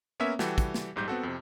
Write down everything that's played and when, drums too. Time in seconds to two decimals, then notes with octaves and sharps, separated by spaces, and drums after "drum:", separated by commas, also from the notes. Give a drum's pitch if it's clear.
0.20 A#3 B3 C#4 A#4 C#5 E5
0.39 E3 G3 F#4 G4 A4, drum: snare
0.58 drum: kick, hi-hat
0.74 drum: snare
0.96 A#1 G#2 G3 G6
1.08 B3 C4 F#4 A4
1.23 F2 C3